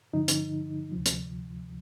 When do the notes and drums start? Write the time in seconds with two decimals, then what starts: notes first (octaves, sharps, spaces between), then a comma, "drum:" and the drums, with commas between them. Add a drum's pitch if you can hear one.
0.13 G2 D3 F3 D#4
0.28 drum: hi-hat
0.92 D2 C3 F3
1.06 drum: hi-hat